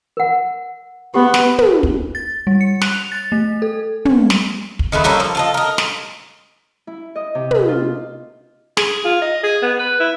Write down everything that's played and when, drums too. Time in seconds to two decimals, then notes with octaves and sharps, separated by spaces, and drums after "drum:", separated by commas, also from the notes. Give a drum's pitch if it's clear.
0.17 A#4 F#5
1.14 B3 G4 G#4
1.34 drum: snare
1.58 drum: tom
1.83 drum: kick
2.15 A6
2.47 G3
2.61 C#7
2.81 F#6, drum: snare
2.94 F7
3.12 A6
3.32 A3
3.62 A4
4.05 drum: tom
4.30 drum: snare
4.79 drum: kick
4.92 D#3 G#3 A3 B4
5.04 G3 A#3 C#4 A4
5.20 F3
5.35 F4 A4 D#5
5.54 A#4 D#5
5.78 drum: snare
6.87 E4
7.16 D#5
7.35 C3
7.51 drum: tom
7.68 F4
8.77 G#4, drum: snare
9.05 F4
9.21 D#5
9.43 G#4
9.62 B3
9.79 B4
10.00 E4